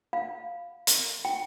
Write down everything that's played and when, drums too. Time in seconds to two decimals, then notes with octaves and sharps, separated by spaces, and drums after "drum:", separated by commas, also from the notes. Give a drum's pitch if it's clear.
0.13 F5
0.87 drum: hi-hat
1.25 G5